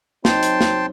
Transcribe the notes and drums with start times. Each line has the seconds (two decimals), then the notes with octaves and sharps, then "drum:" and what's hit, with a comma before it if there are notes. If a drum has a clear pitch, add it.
0.25 F#3 C4 D#4 G5 A5 C6, drum: snare
0.43 drum: hi-hat
0.61 drum: snare